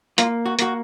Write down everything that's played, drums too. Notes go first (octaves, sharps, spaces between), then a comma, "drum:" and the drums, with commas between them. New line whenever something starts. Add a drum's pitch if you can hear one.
A#3 F4, drum: hi-hat
F#4
A#3 F#4, drum: hi-hat